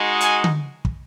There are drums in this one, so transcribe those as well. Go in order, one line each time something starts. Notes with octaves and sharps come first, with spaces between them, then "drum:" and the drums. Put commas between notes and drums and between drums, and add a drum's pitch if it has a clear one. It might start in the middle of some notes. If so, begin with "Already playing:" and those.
Already playing: G#3 D#4 F#4
G#5, drum: hi-hat
drum: tom D3
drum: kick